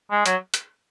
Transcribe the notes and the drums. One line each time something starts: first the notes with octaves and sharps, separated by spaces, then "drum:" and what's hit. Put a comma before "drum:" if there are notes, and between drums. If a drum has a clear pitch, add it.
G#3
F#3, drum: hi-hat
drum: hi-hat